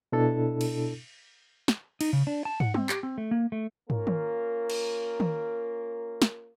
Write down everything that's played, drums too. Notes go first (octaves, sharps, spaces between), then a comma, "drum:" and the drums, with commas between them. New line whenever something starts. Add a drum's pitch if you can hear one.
B2 D4 E4 A4
drum: cymbal
drum: snare
D#4, drum: cymbal
C#3
D4
A5
F#5, drum: tom
C4, drum: tom G3
G4, drum: clap
C4
A3
A#3
A3
A#3 C#4 F4 A#4, drum: tom
drum: tom D#3
drum: cymbal
drum: tom D#3
drum: snare